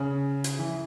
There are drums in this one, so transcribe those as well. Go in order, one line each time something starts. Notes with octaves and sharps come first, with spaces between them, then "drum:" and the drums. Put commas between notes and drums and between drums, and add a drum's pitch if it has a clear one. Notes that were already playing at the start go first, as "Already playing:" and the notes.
Already playing: C#3
drum: hi-hat
E3